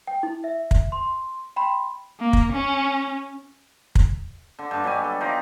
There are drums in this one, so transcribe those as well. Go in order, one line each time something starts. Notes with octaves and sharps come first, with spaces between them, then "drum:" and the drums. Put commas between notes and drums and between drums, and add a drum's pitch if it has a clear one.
G5
E4
E5
drum: kick
C6
G5 B5 C6
A#3
drum: kick
C#4
drum: kick
D3
G2 D3
B2 F#3 G3 G#5
A4
D#4 F4 G4 A#5